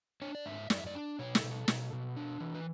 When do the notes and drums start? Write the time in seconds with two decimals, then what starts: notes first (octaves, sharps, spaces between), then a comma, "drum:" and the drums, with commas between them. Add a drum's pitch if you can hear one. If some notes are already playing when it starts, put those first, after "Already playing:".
0.22 D4 C#5
0.35 D5
0.46 G#2 E5
0.70 F#2 D5, drum: snare
0.78 E5
0.87 D5
0.95 D4
1.19 B2 C#5
1.35 A4, drum: snare
1.43 B2
1.51 A4
1.68 B2, drum: snare
1.93 B2
2.17 D4
2.40 E3
2.54 B4